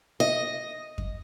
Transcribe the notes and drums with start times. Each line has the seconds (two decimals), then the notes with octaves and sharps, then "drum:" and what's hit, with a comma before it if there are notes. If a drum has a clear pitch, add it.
0.20 D#5
0.98 drum: kick F2